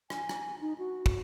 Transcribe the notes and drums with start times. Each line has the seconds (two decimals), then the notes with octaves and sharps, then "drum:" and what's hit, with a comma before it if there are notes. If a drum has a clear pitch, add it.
0.10 G#5, drum: rim click
0.29 drum: rim click
0.61 D#4
0.78 F#4
1.06 drum: kick